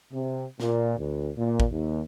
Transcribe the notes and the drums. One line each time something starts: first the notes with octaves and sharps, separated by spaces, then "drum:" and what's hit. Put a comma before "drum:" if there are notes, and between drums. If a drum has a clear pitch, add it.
C3
A#2, drum: snare
D2
A#2
drum: kick
D#2